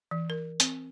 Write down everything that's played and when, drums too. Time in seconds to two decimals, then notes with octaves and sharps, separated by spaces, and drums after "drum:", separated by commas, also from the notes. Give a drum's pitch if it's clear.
0.11 E3
0.30 A#4
0.60 C4, drum: hi-hat